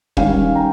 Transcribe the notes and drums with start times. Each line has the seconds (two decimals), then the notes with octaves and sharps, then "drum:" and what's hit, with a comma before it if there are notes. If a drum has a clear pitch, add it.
0.17 D#3 G3 C#4 F5 G#5, drum: kick
0.55 G5 A#5